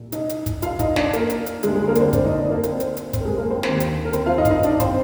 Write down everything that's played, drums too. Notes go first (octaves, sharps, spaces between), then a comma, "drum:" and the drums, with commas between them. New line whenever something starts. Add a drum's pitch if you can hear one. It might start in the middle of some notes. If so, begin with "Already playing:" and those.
Already playing: C2 A#2
D#4 D#5, drum: hi-hat
drum: hi-hat
drum: kick, hi-hat
F4 F5, drum: hi-hat
D#4 D#5, drum: kick, hi-hat
D4 D5, drum: snare
A#3 A#4, drum: hi-hat
drum: hi-hat
drum: hi-hat
D2 D3 G#3 G#4, drum: hi-hat
G#3 G#4
A#3 A#4
D5, drum: hi-hat
C4 C5
D4 D5, drum: kick, hi-hat
D#4 D#5
D4 D5
A#3 A#4
C4 C5, drum: hi-hat
drum: hi-hat
drum: hi-hat
C4 C5, drum: kick, hi-hat
A#4
G#3 G#4
A#3 A#4
C4 C5
D#2 D3 C4 C5, drum: snare
drum: hi-hat
A#4
C4 C5, drum: hi-hat
F4 F5
D#4 D#5
F5, drum: kick, hi-hat
D#4 D#5
D4 D5, drum: hi-hat
C4 C5, drum: kick, hi-hat